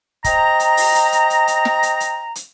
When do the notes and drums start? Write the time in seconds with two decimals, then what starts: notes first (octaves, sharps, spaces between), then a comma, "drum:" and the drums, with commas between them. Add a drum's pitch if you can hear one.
0.24 C5 D#5 G5 A#5, drum: kick, hi-hat
0.60 drum: hi-hat
0.77 drum: open hi-hat
0.95 drum: hi-hat
1.12 drum: hi-hat
1.30 drum: hi-hat
1.48 drum: hi-hat
1.65 drum: snare
1.83 drum: hi-hat
2.00 drum: hi-hat
2.35 drum: hi-hat